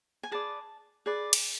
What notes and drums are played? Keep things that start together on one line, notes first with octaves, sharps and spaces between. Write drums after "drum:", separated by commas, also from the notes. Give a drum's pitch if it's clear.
G#5
G#4 B4 D5 A5
G#4 B4 D5
drum: cymbal